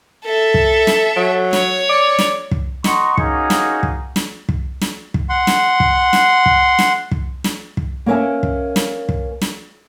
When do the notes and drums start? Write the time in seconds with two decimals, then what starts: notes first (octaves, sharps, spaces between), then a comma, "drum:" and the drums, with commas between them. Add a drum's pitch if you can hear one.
0.25 A4 E5
0.54 drum: kick
0.87 drum: snare
1.16 F#3
1.53 C#5, drum: snare
1.89 D5
2.19 drum: snare
2.51 drum: kick
2.84 D#5 F#5 A#5 C6 C#6, drum: snare
3.17 A#3 C#4 D#4 F#4 G#4, drum: kick
3.50 drum: snare
3.83 drum: kick
4.16 drum: snare
4.49 drum: kick
4.81 drum: snare
5.14 drum: kick
5.29 F#5 C6
5.47 drum: snare
5.80 drum: kick
6.13 drum: snare
6.46 drum: kick
6.79 drum: snare
7.11 drum: kick
7.44 drum: snare
7.77 drum: kick
8.06 A#3 C#4 A#4 E5 G#5
8.43 drum: kick
8.76 drum: snare
9.09 drum: kick
9.41 drum: snare